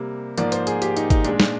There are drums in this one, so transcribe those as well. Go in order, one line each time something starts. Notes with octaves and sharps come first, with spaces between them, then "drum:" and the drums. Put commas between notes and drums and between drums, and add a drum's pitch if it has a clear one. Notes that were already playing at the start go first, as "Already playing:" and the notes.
Already playing: C3 G3 A#3
G#2 F3 A#3 D5, drum: hi-hat
C5, drum: hi-hat
G#4, drum: hi-hat
G4, drum: hi-hat
D#4, drum: hi-hat
D#4, drum: kick G#1, hi-hat
A#2 G#3 D4, drum: hi-hat
drum: snare